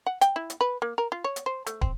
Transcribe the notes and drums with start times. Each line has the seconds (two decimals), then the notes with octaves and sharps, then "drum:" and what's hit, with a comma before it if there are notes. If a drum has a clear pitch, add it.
0.07 F#5
0.21 G5, drum: hi-hat
0.36 E4
0.50 drum: hi-hat
0.61 B4
0.82 A#3
0.98 A#4
1.12 F4
1.24 C#5
1.36 drum: hi-hat
1.46 C5
1.66 A3, drum: hi-hat
1.81 C4, drum: kick